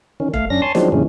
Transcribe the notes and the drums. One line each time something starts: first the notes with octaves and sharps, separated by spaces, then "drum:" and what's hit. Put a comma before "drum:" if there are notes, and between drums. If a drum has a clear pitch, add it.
D#3 C#4
A3 F5, drum: kick E1
F#2 C#4 D4 A#6
C#5 G#5 A5 C6
D#3 F3 F#3 G#3 C4 D4, drum: snare
F#2 A#2 D3 E3 G#3 C#4